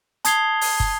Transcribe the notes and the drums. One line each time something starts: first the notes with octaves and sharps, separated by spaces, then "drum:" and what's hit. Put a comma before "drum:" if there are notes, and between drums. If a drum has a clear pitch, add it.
A5 D#6 G#6 C7 F7 G7, drum: hi-hat
drum: open hi-hat
drum: kick